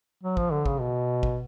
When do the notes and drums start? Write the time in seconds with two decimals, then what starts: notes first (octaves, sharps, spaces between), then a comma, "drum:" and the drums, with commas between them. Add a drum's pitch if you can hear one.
0.23 F#3
0.37 F3, drum: kick
0.52 D3
0.66 C#3, drum: kick
0.80 B2
1.23 drum: kick